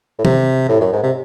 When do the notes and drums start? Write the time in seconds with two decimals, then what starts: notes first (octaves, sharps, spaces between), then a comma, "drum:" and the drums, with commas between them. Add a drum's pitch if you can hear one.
0.19 A2
0.25 C3, drum: tom
0.69 A2
0.81 F#2
0.93 G#2
1.03 C3